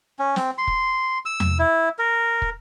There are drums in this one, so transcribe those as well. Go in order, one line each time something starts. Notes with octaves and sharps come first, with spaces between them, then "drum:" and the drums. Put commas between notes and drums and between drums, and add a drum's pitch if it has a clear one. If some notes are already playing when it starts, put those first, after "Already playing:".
C#4
C4, drum: snare
C6
drum: kick
E6
drum: tom E2
E4
A#4
drum: kick